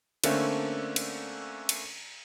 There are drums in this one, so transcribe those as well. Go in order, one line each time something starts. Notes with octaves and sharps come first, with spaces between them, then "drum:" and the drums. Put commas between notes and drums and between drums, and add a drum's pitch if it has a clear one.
D3 A3 A#3 C4 C#4, drum: cymbal
drum: cymbal
drum: cymbal